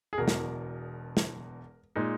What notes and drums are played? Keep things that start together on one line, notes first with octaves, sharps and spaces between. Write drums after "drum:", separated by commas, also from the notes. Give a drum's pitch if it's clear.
G#4
E1 E2 B2 A#4
drum: snare
drum: snare
A#2 G#3 D#4